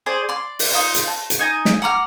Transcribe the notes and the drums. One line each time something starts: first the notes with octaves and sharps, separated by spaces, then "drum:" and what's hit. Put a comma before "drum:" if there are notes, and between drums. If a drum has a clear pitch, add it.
G#4 C5 D5
D5 C6
drum: open hi-hat
D#4 F4 C5
drum: hi-hat
A5
drum: hi-hat
D#4 G#5 A#5
drum: snare
F#5 A#5 D6 F6